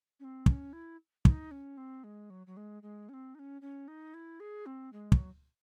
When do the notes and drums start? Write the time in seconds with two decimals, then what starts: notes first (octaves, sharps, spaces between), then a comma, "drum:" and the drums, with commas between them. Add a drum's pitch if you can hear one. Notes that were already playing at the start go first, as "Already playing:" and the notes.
0.20 C#4
0.24 C4
0.46 C#4, drum: kick
0.73 E4
1.25 E4, drum: kick
1.30 D#4
1.51 C#4
1.77 C4
2.04 G#3
2.30 F#3
2.47 F#3
2.57 G#3
2.82 G#3
3.09 C#4
3.13 C4
3.35 D#4
3.39 C#4
3.61 C#4
3.88 D#4
4.14 E4
4.40 G#4
4.66 C4
4.93 G#3
5.12 F#3, drum: kick